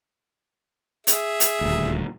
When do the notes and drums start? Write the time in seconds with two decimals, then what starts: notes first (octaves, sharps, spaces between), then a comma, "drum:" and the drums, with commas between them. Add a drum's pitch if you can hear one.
1.07 G#4 E5, drum: hi-hat
1.40 drum: hi-hat
1.61 D#1 D2